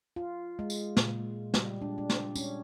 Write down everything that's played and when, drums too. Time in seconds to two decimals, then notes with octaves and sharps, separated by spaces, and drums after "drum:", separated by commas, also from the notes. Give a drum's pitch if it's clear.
0.16 F4
0.59 G#3
0.70 drum: tambourine
0.97 A#2, drum: snare
1.54 G3, drum: snare
1.81 D4
1.98 D4
2.10 drum: snare
2.36 C#4, drum: tambourine